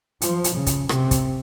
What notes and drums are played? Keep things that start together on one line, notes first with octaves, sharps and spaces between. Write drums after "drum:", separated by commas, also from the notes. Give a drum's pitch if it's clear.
F3, drum: hi-hat
drum: hi-hat
C#3
drum: kick, hi-hat
C3, drum: rim click
drum: kick, hi-hat